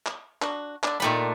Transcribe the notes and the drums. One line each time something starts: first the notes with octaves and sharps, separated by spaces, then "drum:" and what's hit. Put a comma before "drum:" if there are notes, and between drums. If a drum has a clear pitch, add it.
drum: clap
D4 F#4, drum: clap
D3 D4, drum: clap
A#2 D#3 G3 A3 D4 B5